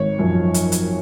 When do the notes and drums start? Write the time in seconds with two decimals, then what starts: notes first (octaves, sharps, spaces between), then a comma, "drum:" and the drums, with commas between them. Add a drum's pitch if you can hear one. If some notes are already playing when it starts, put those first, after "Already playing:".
Already playing: G#1 C#5
0.19 F#2 F3
0.54 drum: hi-hat
0.72 drum: hi-hat